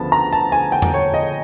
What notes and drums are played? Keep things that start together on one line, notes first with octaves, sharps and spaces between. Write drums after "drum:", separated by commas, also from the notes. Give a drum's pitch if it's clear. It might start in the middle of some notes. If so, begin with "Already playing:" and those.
Already playing: D2 C#3 F3 B3 A5
A#5
A5
G#5
G5
drum: tom E2
C#5
D#5